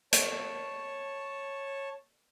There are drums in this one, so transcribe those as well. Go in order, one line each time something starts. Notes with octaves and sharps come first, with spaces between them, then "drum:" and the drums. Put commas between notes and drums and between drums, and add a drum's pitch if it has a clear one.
C#5 A5, drum: hi-hat